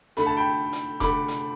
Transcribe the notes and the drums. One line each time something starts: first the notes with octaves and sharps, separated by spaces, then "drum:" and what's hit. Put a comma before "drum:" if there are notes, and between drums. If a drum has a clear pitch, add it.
D3 A3 B5, drum: hi-hat
A5
G5 B5
drum: hi-hat
D3 A3 B5 D6, drum: kick D#1, hi-hat
drum: hi-hat